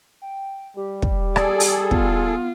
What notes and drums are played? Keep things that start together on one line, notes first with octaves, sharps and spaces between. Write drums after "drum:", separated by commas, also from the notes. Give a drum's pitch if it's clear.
G5
G3 G4
drum: kick
G#4 A4 D5, drum: rim click
drum: open hi-hat
B3 F4, drum: kick